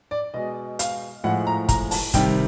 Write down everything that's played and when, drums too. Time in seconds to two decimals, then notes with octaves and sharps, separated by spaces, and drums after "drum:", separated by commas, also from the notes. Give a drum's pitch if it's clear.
0.11 D5
0.34 B2 G#3 D#5
0.79 F5, drum: hi-hat
1.24 A2 F3 G#3 F#5
1.47 A#5
1.69 A#5, drum: kick, hi-hat
1.91 A5, drum: open hi-hat
2.14 C3 D#3 G3 G5, drum: kick, hi-hat